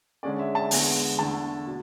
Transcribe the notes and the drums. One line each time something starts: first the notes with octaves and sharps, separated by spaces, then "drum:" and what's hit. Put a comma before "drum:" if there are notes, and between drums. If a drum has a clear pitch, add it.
D3 G#3 C#4 D5
E5
A5
E2 D3 G#3 B3 G#5, drum: open hi-hat
E2 D3 A3 D4 A5
B2